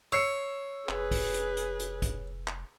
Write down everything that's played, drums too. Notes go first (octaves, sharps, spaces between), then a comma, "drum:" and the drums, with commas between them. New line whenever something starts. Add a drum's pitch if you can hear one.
C#5 E6 C7 C#7
F1 G#4 B4, drum: clap
drum: kick, open hi-hat
drum: hi-hat
drum: hi-hat
drum: hi-hat
drum: kick, hi-hat
drum: clap